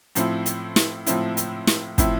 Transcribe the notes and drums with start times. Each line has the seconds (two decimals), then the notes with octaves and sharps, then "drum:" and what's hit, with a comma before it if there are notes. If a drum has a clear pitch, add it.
0.15 A2 F3 C4 E4, drum: hi-hat
0.46 drum: hi-hat
0.76 drum: snare
1.06 A2 F3 C4 E4, drum: hi-hat
1.37 drum: hi-hat
1.67 drum: snare
1.98 A2 F3 C4 E4, drum: kick, hi-hat